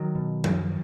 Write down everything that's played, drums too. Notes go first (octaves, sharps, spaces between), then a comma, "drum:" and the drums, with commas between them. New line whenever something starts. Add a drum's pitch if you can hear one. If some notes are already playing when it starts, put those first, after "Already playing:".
Already playing: D#3 F#3
B2
F#2, drum: tom F3